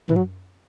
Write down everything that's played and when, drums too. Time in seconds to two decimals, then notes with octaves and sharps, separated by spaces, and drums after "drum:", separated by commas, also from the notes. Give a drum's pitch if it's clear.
0.09 E3, drum: tom
0.16 F#3